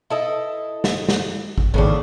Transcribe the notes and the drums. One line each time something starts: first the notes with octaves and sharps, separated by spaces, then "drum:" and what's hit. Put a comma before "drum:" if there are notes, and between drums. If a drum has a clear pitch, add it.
E4 A4 D#5
drum: snare
drum: snare
drum: kick
G#1 D#2 A2 C#3 D4